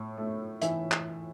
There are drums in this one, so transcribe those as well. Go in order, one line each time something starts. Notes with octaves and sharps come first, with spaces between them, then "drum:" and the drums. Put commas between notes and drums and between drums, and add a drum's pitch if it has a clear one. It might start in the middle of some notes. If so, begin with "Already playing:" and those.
Already playing: A2
A3
E3 E5, drum: hi-hat
drum: clap